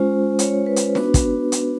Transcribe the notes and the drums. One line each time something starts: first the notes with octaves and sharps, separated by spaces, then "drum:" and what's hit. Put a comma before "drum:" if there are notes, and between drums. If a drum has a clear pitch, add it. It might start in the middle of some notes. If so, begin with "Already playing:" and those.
Already playing: G#3 C#4 F4 C5
C#5, drum: hi-hat
B4
drum: hi-hat
B3 D4 F#4 B4, drum: snare
drum: kick, hi-hat
drum: hi-hat